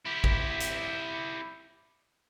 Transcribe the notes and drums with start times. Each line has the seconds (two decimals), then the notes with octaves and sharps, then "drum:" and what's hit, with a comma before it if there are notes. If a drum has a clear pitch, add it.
0.05 E4 G4
0.24 drum: kick
0.60 drum: hi-hat